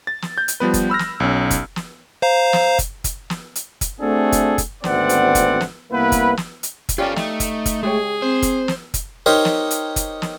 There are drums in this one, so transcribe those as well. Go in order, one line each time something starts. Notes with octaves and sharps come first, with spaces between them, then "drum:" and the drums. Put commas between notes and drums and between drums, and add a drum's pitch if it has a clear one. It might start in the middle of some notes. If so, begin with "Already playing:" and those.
A6
drum: snare
G6
drum: hi-hat
F3 G3 B3 B4
drum: kick, hi-hat
B5 E6 F6 A#6
drum: snare
B1 C#4
drum: kick, hi-hat
drum: snare
C5 F5 A#5
drum: snare
drum: kick, hi-hat
drum: kick, hi-hat
drum: snare
drum: hi-hat
drum: kick, hi-hat
A3 C4 D4 F#4 G#4 A4
drum: kick, hi-hat
drum: kick, hi-hat
G#1 D2 B3 C4 D5 F#5, drum: snare
drum: hi-hat
drum: kick, hi-hat
drum: snare
C2 A#3 B3 E4 B4
drum: kick, hi-hat
drum: snare
drum: hi-hat
drum: kick, hi-hat
C#4 F4 G4 A4 D5 F5
A3 D#4, drum: snare
drum: kick, hi-hat
drum: kick, hi-hat
G#3 G4 G#4 C#5
C4 C5
drum: kick, hi-hat
drum: snare
drum: kick, hi-hat
D#4 G4 A#4 C5 C#5
drum: snare
drum: hi-hat
drum: kick, hi-hat
drum: snare